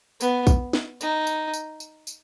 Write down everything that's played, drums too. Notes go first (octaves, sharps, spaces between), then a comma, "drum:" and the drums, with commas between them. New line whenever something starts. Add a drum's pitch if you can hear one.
B3, drum: tambourine
drum: kick A#1, tambourine
drum: snare
D#4, drum: tambourine
drum: tambourine
drum: tambourine
drum: tambourine
drum: tambourine